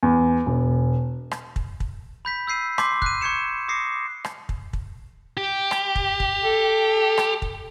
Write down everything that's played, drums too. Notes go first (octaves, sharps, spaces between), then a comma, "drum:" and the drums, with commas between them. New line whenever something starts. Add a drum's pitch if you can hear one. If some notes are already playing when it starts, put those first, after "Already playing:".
E2
E1
drum: rim click
drum: kick
drum: kick
B5 G6 B6
E6 G6 C7 D#7
C6 D6 G6 B6 C7, drum: rim click
F#6 D#7, drum: kick
C#6 G6 G#6 C#7 E7
D6 D#6 A#6 C7 C#7
drum: rim click
drum: kick
drum: kick
G4
drum: rim click
drum: kick
drum: kick
A4
drum: rim click
drum: kick